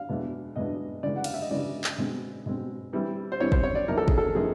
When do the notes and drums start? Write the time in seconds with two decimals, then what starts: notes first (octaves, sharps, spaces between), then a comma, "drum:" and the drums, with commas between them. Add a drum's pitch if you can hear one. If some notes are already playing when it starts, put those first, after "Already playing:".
Already playing: F5
0.09 E2 B2 G#3 B3 D4
0.56 E2 B2 G#3 B3 D4 D#5
1.03 C#3 E3 G#3 D5
1.16 F#5
1.24 F5, drum: cymbal
1.34 E5
1.42 D#5
1.51 C#3 E3 G#3 D5
1.84 drum: clap
1.98 B2 G#3 C4
2.46 B2 G#3 C4
2.93 E3 G3 C4 E4
3.32 C5
3.40 E3 G3 C4 E4 C#5
3.52 C5, drum: kick
3.63 C#5
3.75 D5
3.88 E2 C3 F3 A#3 D#4 A#4
3.97 A4
4.08 G#4, drum: kick
4.18 A4
4.35 C3 F3 A#3 D#4 G#4